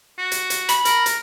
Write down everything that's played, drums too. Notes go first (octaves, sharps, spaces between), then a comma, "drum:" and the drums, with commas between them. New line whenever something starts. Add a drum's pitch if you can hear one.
F#4
drum: hi-hat
drum: hi-hat
B5, drum: hi-hat
A#4, drum: hi-hat
drum: hi-hat